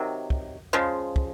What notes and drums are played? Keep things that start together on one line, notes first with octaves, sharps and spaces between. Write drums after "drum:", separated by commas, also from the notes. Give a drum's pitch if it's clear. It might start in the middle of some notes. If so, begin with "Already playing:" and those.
Already playing: C3 D#3 F#3
drum: kick
C#3 F3 G#3
drum: kick